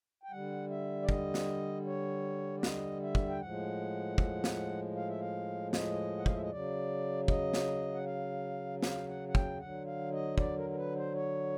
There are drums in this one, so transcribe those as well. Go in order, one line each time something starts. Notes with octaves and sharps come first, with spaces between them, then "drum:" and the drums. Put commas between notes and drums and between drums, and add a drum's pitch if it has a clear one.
G5
D3 G3 F#5
E5
D5
D#5, drum: kick
drum: snare
C#5
D5
D#5, drum: snare
E5
drum: kick
G5
A2 F3 G#3 F#5
drum: kick
drum: snare
F5
E5
F5
D#5, drum: snare
F#5
F5, drum: kick
E5
D#5
C#3 F#3 D5
D#5, drum: kick
drum: snare
F#5
F5
F5, drum: snare
F#5
F#5
G5, drum: kick
D3 F#3 F#5
F5
D#5
D5, drum: kick
A#4
A#4
B4
C5
C#5